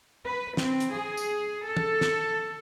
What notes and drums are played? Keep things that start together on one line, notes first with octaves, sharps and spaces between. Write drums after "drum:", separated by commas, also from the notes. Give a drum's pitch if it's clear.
B4
C4, drum: snare
drum: hi-hat
G#4
drum: tambourine
A4
drum: tom
drum: snare